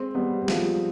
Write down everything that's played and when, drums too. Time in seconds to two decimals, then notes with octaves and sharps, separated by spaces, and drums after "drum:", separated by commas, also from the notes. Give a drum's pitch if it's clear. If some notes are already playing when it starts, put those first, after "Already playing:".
Already playing: G#3 C4
0.15 G3 B3
0.42 G3
0.48 F3 G#3, drum: snare